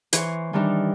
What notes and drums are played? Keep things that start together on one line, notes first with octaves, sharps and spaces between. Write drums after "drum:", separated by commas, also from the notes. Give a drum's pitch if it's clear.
E3 C5 C#5, drum: hi-hat
D#3 E3 G3 D4 D#4